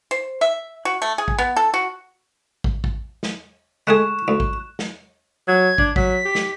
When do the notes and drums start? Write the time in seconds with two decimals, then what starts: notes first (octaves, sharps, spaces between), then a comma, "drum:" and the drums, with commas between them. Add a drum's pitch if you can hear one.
0.11 C5
0.41 E5
0.85 F#4
1.02 A3
1.18 G#4
1.28 drum: kick
1.38 B3
1.56 A4
1.74 F#4
2.64 drum: kick
2.84 drum: kick
3.23 drum: snare
3.87 G#3 A3 G#4 C#6 F#6 E7
4.28 D2
4.40 drum: kick
4.79 drum: snare
5.48 F#3 G#6
5.78 D4, drum: kick
5.96 F#3 B6, drum: kick
6.25 G4
6.35 drum: snare